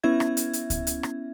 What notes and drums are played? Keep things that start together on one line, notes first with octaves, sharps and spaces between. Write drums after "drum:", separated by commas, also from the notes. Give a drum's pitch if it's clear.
B3 C#4 E4 E5 G#6
drum: rim click
drum: hi-hat
drum: hi-hat
drum: kick C#2, hi-hat
drum: hi-hat
drum: rim click